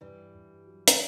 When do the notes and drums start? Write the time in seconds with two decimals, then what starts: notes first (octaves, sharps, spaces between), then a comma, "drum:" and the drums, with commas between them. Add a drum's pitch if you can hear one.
0.01 G2 E3 G3
0.34 G2
0.66 F#3
0.88 drum: hi-hat